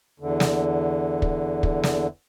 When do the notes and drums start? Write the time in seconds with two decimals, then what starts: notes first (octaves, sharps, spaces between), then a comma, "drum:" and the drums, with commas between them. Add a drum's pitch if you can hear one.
0.20 E2 D3
0.40 drum: snare
1.22 drum: kick
1.63 drum: kick
1.84 drum: snare